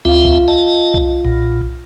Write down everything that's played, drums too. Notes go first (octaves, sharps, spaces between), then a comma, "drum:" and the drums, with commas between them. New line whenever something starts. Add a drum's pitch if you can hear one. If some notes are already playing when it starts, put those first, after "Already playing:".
D2 C4 F4 E5 F5
drum: kick C2
D#5 A5
drum: kick C2
B1 A#2